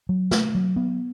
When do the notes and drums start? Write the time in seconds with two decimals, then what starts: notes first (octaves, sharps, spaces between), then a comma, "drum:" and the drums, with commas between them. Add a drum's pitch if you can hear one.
0.09 F#3
0.31 A3, drum: snare
0.55 F#3
0.76 B3